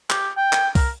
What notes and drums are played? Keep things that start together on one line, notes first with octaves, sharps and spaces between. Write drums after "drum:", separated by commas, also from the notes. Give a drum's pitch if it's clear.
G4, drum: clap
G5
drum: clap
A#4, drum: kick C2, open hi-hat